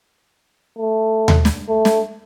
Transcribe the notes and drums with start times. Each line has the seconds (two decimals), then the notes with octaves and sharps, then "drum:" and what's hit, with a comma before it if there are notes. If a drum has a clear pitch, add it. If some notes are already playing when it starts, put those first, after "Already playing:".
0.79 A3
1.28 drum: tom D#2
1.45 drum: snare
1.69 A3
1.85 drum: snare